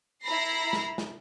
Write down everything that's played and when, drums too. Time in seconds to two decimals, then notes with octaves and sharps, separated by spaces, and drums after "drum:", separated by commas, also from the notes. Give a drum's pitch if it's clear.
0.23 E4 A#5 B5 A#6 C7
0.73 drum: snare
0.98 drum: snare